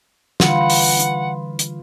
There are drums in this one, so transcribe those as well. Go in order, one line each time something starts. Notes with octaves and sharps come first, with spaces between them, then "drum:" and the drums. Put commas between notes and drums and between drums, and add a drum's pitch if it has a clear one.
D3 E3 G3 F4 B4 F#5, drum: snare
drum: open hi-hat
drum: hi-hat
drum: hi-hat